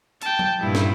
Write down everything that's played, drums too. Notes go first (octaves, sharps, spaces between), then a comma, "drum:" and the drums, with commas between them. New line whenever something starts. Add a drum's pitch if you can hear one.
G5 A5, drum: hi-hat
drum: tom F3
G2 A#2 G3 E4
drum: snare